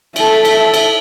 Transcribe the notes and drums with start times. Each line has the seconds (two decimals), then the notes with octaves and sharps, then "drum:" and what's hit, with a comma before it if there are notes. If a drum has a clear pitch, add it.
0.16 A4 E5, drum: cymbal
0.45 drum: cymbal
0.74 drum: cymbal